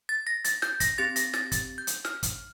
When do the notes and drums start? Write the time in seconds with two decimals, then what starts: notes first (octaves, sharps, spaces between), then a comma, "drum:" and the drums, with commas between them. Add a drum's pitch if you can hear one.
0.09 A6
0.27 A#6
0.45 A6, drum: hi-hat
0.62 G6, drum: snare
0.80 A#6, drum: kick, hi-hat
0.98 C4 G4 A6
1.16 A#6, drum: hi-hat
1.34 A6, drum: snare
1.52 A6, drum: kick, hi-hat
1.78 G6
1.87 drum: hi-hat
2.05 F6, drum: snare
2.23 drum: kick, hi-hat